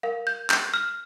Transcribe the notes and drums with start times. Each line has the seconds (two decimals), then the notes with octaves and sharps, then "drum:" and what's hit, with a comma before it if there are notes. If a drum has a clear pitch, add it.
0.03 A#4 F5
0.27 G6
0.50 G6, drum: clap
0.74 F6